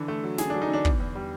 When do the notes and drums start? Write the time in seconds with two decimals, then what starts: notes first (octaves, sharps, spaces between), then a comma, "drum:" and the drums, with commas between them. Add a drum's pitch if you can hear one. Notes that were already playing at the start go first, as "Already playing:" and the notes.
Already playing: D3 E3
0.08 A3
0.24 F#3
0.38 D3 G#4, drum: snare
0.50 F#3 D4
0.62 D#4
0.69 D3 D4
0.85 E2, drum: kick
0.99 E2
1.15 G3